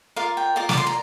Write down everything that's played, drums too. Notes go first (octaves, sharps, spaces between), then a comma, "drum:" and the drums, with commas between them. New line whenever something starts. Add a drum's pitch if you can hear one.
F4 A#4 D5 F5
G5
F4 A#4 D5
D6, drum: snare
C6
A#5